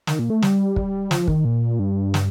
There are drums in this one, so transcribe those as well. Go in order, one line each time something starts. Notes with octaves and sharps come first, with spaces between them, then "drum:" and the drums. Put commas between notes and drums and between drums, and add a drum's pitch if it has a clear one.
D#3, drum: snare
A#2
A3
G3, drum: snare
drum: kick
F3, drum: snare
D#3, drum: kick
A#2
G2
drum: snare